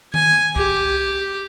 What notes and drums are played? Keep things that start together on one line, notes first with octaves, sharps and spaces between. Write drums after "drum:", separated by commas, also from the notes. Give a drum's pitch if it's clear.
G#5, drum: tom D#3
G4, drum: kick C2